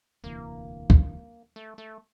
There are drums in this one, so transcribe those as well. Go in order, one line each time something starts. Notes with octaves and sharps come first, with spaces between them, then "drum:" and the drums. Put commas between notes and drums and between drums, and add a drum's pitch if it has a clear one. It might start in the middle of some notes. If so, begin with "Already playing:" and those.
E1 D2 C3 E3 A#3
drum: kick
A3
A3